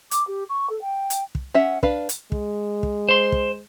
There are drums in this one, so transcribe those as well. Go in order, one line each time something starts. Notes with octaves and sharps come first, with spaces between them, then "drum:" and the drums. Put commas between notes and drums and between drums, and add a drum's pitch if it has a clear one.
D6, drum: hi-hat
G4
C#6
A4
G5
drum: hi-hat
drum: kick
C#4 E5 F#5
D4 B4 F5, drum: kick
drum: hi-hat
G#3, drum: kick
drum: kick
C5 C6
drum: kick